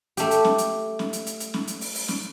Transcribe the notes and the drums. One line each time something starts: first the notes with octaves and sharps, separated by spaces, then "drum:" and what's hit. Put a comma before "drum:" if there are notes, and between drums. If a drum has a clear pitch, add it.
A3 G4, drum: hi-hat
drum: hi-hat
drum: snare C#4
drum: hi-hat
drum: snare C#4
drum: hi-hat
drum: hi-hat
drum: hi-hat
drum: snare C#4
drum: hi-hat
drum: open hi-hat
drum: open hi-hat
drum: snare C#4